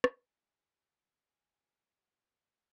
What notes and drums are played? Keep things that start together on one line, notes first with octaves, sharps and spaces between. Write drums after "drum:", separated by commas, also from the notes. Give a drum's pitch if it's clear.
drum: rim click
G#4
G#5
F#4